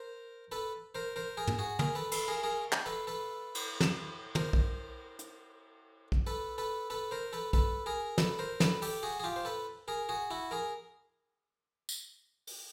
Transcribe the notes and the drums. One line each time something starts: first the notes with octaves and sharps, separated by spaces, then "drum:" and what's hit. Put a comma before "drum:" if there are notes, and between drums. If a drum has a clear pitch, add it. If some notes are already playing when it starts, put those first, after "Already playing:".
Already playing: A#4 C5
A4 B4
A#4 C5
A#4 C5
G#4 A#4
drum: tom
F#4 G#4
G#4 A#4, drum: tom
A4 B4
A4 B4, drum: cymbal
G#4 A#4
G#4 A#4
drum: clap
A4 B4
A4 B4
drum: cymbal
drum: snare
A#4 C5, drum: tom
drum: kick B1
drum: hi-hat
drum: kick B1
A4 B4
A4 B4
A4 B4
A#4 C5
A4 B4
A4 B4, drum: kick B1
G#4 A#4
A4 B4, drum: snare
A#4 C5
A4 B4, drum: snare
G4 A4, drum: open hi-hat
F#4 G#4
G#4
F4 G4
C5
A4 B4
G#4 A#4
F#4 G#4
E4 F#4
G#4 A#4
drum: tambourine
drum: open hi-hat